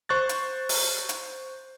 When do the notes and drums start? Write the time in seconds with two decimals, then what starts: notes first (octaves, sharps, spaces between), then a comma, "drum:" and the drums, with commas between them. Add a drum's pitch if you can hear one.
0.09 C5 C#6 F#6 A6
0.29 drum: hi-hat
0.69 drum: open hi-hat
1.09 drum: hi-hat